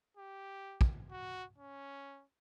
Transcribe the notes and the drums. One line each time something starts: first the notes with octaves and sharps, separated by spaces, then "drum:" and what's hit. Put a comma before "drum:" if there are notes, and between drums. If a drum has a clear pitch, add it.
G4
drum: kick
F#4
C#4